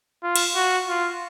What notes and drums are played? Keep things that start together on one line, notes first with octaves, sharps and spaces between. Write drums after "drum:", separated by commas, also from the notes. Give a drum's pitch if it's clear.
F4
drum: cymbal
F#4
F4